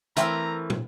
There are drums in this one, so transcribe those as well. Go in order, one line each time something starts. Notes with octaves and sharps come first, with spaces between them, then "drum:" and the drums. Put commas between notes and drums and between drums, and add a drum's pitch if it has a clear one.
E3 A3 C4 A#4 A#5, drum: hi-hat
drum: tom